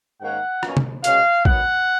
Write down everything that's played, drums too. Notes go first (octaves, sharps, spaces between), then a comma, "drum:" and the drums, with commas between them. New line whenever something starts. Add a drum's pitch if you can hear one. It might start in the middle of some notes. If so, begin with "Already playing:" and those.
G#2 D#3 A#3 C#4 F#5
B2 A#3 C#4, drum: rim click
drum: tom C3
B2 G#3 C#4 F5, drum: hi-hat
D#3 F#3 B3 F#5, drum: kick A1